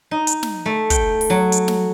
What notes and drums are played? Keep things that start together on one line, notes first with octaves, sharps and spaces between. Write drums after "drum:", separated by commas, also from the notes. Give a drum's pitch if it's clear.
D#4
drum: hi-hat
drum: snare
A3
G5, drum: kick, hi-hat
drum: open hi-hat
F#3
drum: hi-hat
drum: snare